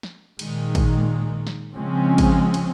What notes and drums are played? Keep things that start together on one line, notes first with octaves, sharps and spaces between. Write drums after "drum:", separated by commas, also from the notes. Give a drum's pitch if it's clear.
drum: snare
A#2 D#3 G#3, drum: cymbal
drum: kick, cymbal
drum: snare
C#3 F3 G#3 C4 C#4
drum: kick, cymbal
drum: cymbal